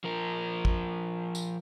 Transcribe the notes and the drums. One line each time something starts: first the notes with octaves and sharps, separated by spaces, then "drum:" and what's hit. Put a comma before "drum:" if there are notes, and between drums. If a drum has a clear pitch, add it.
F3 A#4
drum: kick
drum: tambourine